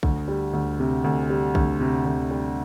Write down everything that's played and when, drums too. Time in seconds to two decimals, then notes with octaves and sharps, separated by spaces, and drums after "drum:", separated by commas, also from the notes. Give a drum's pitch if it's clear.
0.03 D2, drum: kick B1
0.28 G3
0.53 D2
0.79 C3
1.04 D2
1.29 G3
1.55 D2, drum: kick B1
1.80 C3
2.05 D2
2.31 G3